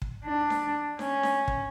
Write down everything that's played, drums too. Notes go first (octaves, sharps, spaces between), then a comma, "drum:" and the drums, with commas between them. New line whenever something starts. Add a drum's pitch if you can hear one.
drum: kick
D4
drum: snare D4
C#4, drum: snare D4
drum: snare D4
drum: kick